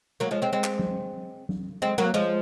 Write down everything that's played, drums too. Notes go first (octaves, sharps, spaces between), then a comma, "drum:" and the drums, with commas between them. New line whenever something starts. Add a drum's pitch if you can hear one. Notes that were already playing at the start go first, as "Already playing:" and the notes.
F#3 A#3
F3 G#3
G#3 C4
G#3 C4
drum: clap
drum: tom F#3
drum: tom F#3
G#3 C4
F#3 A#3
F3 G#3